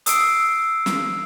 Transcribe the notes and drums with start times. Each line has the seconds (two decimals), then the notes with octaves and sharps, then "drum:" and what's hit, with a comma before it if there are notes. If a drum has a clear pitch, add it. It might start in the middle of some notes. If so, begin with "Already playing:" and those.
0.06 D#6 E6 C7 D7, drum: hi-hat
0.86 drum: snare